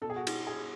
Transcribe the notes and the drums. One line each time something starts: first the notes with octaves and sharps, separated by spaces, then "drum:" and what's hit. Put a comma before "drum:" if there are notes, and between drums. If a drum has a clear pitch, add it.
B2 A4
G#4
F#4
drum: cymbal
G#4